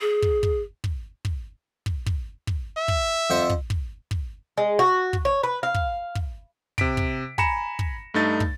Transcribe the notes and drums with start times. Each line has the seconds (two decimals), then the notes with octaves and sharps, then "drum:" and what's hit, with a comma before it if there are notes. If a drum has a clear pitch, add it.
0.01 G#4
0.22 drum: kick
0.43 drum: kick
0.84 drum: kick
1.25 drum: kick
1.86 drum: kick
2.06 drum: kick
2.47 drum: kick
2.77 E5
2.88 drum: kick
3.30 F2 C5 F#5
3.50 drum: kick
3.70 drum: kick
4.11 drum: kick
4.58 G#3
4.79 F#4
5.13 drum: kick
5.25 C#5
5.43 B4
5.63 F5
5.74 drum: kick
6.15 drum: kick
6.78 C3 B6 D7, drum: kick
6.97 drum: kick
7.38 G#5 A#5 B5 A#6 C#7 E7, drum: kick
7.79 drum: kick
8.14 G2 A3 D#4 A6
8.40 drum: kick